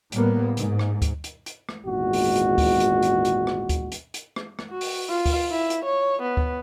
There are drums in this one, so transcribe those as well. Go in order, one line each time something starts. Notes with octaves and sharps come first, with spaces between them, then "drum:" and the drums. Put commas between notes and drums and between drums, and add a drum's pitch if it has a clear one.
A2 G3 A#3 B3, drum: hi-hat
G#2, drum: hi-hat
drum: rim click
drum: kick D2, hi-hat
drum: hi-hat
drum: hi-hat
drum: rim click
G#1 E2 A#2 G#3 F#4
drum: open hi-hat
drum: hi-hat
drum: kick D2, open hi-hat
drum: hi-hat
drum: hi-hat
drum: hi-hat
drum: rim click
drum: kick D2, hi-hat
drum: hi-hat
drum: hi-hat
drum: rim click
drum: rim click
F#4
drum: open hi-hat
F4
drum: kick D2, open hi-hat
E4
drum: hi-hat
C#5
B3
drum: kick D2